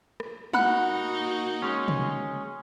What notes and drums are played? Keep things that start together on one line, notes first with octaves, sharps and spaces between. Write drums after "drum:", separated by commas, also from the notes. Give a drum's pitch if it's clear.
drum: rim click
A#3 D#4 F#4 F#5 B5 F#6, drum: tom
G#3 C#4
drum: tom